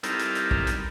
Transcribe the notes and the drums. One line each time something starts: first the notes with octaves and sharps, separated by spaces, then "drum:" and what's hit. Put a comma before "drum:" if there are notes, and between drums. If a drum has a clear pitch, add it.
G3 C4 D#4 E4 A4 A#4, drum: hi-hat
drum: hi-hat
drum: hi-hat
drum: kick
drum: hi-hat